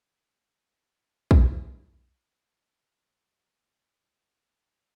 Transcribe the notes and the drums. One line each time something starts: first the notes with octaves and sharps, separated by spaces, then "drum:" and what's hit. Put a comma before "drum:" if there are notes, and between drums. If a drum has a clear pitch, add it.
E4 B4 C#5 A5
drum: kick
C#2
A#2
F#4
F#4
F#2
A#4
A#2
A#6
D5
A#3
A5
A4